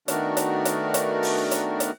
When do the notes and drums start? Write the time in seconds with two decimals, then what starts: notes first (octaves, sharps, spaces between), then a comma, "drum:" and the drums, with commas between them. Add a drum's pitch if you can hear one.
0.08 D#3 A3 B3 D4 F#4 A#4, drum: hi-hat
0.37 drum: hi-hat
0.65 drum: hi-hat
0.94 drum: hi-hat
1.23 drum: open hi-hat
1.51 drum: hi-hat
1.80 drum: hi-hat